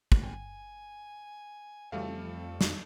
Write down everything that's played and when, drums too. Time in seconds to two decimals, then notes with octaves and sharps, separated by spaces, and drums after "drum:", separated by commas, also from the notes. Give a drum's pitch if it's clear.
0.12 drum: kick
0.22 G1 G5 G#5
1.92 F2 C#3 E3 G3 A3 F#4 A4 F5
2.61 drum: snare